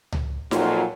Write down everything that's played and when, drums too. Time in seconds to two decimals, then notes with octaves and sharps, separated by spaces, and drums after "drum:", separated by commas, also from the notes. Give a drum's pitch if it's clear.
0.12 drum: tom C#2
0.51 F2 A#2 F#3 F4, drum: snare D#4